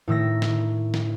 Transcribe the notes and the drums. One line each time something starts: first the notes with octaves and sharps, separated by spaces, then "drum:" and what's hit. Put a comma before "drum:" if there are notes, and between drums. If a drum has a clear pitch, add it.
A2 D#3 E6 A#6
drum: snare
drum: snare